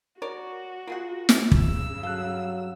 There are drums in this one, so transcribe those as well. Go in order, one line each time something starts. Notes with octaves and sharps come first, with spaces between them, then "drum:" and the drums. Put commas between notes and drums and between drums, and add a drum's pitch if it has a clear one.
F#4 A#4 C#5 D5
A#3 F4 G#4 F#5
drum: snare
G2 C#3 E6, drum: kick
F#3 A4 F5 F#6